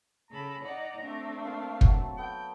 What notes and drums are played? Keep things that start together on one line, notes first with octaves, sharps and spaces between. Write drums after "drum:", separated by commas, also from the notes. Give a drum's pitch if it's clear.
C#3 A4 A#5 B5
D#4 D5 F#5
A3 C4 D4
A#3 C5 F5 A5
F#3 A5, drum: kick
B3 A4 G5